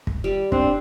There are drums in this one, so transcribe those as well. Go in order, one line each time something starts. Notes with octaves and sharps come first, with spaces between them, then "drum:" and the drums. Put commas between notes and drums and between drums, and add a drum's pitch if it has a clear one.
drum: kick
G3
C4 D4, drum: kick